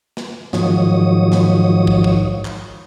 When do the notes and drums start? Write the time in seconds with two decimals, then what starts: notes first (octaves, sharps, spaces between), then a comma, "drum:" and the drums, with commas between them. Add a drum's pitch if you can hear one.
0.17 drum: snare
0.53 G#2 D#3 F3 F#3 C#5 D#6, drum: snare
1.32 drum: snare
1.87 drum: kick
2.04 drum: kick
2.45 drum: clap